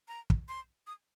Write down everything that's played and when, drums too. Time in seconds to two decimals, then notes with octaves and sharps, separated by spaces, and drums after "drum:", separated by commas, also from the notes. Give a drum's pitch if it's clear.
0.08 A#5
0.30 drum: kick
0.49 C6
0.87 D#6